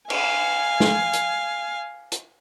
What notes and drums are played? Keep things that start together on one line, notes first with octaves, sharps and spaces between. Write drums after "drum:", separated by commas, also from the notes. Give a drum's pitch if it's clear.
F5 G#5, drum: cymbal
drum: snare
drum: hi-hat
drum: hi-hat